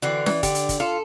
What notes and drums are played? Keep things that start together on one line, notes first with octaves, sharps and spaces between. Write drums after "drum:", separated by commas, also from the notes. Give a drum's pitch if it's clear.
D3 E3 C4 F#4 D5
E3, drum: snare C#4
D3 G4, drum: kick, hi-hat
drum: hi-hat
drum: kick, hi-hat
F4 A4